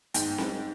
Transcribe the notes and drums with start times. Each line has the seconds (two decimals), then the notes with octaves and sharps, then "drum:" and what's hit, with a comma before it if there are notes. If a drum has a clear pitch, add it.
0.14 G#2 G5, drum: hi-hat
0.38 drum: snare C4